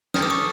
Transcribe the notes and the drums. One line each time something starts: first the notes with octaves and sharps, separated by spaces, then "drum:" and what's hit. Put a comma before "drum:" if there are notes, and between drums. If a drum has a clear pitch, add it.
A4 D#6 F6, drum: snare
D6 E6
C#6 D#6